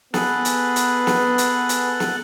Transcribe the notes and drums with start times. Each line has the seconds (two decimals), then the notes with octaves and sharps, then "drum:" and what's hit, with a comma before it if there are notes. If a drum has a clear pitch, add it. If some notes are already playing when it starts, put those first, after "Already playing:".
0.14 B3 G#4 A4 B4 F#5, drum: snare
0.45 drum: hi-hat
0.76 drum: hi-hat
1.07 drum: snare
1.38 drum: hi-hat
1.69 drum: hi-hat
2.00 drum: snare